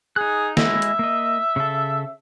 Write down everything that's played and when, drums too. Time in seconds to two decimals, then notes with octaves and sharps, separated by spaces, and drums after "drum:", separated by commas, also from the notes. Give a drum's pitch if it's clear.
0.16 D#4 G#4 F#6
0.57 G#3 E4 D#5 E5, drum: snare
0.82 drum: hi-hat
0.99 A#3 D#5
1.56 C#3 A4